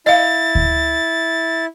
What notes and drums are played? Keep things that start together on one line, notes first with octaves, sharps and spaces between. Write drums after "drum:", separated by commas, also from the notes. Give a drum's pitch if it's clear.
E4 D#5 F5 A6
drum: kick D2